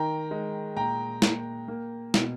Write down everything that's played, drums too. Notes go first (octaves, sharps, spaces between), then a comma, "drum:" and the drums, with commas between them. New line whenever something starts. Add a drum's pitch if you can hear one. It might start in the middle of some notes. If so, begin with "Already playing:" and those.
Already playing: D#3 G5 A#5
G#3
A#2 G5 A#5
A#3, drum: snare
A#3
B2, drum: snare